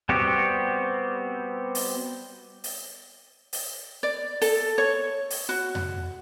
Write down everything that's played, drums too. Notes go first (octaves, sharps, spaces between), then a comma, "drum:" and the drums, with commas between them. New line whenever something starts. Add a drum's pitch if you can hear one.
G3 B3 C4 F#4 G4
drum: open hi-hat
drum: open hi-hat
drum: open hi-hat
D5
A4, drum: open hi-hat
C#5
drum: open hi-hat
F#4
drum: tom F2